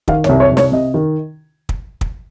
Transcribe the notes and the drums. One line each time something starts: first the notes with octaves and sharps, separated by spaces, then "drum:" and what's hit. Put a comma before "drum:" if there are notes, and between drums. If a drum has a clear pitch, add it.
D#3 F5, drum: kick
C#5, drum: tom
C2
C#5
C2
C#5, drum: snare
C3 D#5
D#3
drum: kick
drum: kick